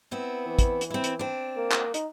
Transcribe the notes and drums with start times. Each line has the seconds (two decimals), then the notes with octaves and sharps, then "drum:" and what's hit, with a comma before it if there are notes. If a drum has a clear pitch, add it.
0.11 B3 C4 E4
0.47 E3
0.59 drum: kick, hi-hat
0.81 drum: hi-hat
0.90 C4 E4
1.04 drum: hi-hat
1.19 C4 D4
1.57 A#3
1.72 drum: clap
1.94 D#4, drum: hi-hat